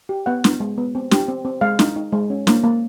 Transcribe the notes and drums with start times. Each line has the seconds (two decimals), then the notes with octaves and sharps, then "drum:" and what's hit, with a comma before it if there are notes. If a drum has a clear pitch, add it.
0.09 G4
0.26 B3 F#5
0.44 B3, drum: snare
0.60 G#3
0.78 B3
0.95 C4
1.11 G4, drum: snare
1.28 C4
1.45 C4
1.61 G#3 F5
1.79 D#4, drum: snare
1.96 D#4
2.12 G#3
2.30 C#4
2.47 A#3, drum: snare
2.64 A#3